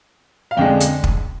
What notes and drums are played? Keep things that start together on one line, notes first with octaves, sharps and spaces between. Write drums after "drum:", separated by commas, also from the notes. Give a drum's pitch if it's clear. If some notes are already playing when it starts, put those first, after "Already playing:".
F5
F2 D3 G#3 G5
drum: hi-hat
drum: kick